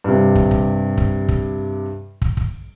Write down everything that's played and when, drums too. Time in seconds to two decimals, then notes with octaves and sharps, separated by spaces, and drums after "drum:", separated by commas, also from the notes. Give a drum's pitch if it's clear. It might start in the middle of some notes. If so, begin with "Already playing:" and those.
0.04 G2 C3
0.35 drum: kick
0.51 drum: kick
0.97 drum: kick
1.28 drum: kick
2.22 drum: kick
2.37 drum: kick